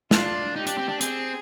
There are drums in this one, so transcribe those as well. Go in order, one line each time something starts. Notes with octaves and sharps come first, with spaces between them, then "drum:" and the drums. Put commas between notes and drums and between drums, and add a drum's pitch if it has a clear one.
D4 F4, drum: snare
D#4 G4
D4, drum: hi-hat
C4
D4
C4 G#4, drum: hi-hat